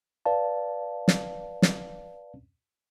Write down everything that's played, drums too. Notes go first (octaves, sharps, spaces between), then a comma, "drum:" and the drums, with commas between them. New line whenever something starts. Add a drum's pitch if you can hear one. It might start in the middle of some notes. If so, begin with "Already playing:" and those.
B4 D5 F5 A5
drum: snare
drum: snare